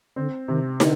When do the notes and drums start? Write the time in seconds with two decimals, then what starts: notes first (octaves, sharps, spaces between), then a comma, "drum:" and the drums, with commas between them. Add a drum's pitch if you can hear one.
0.16 D3 C4
0.48 C3 D#3
0.80 D3, drum: snare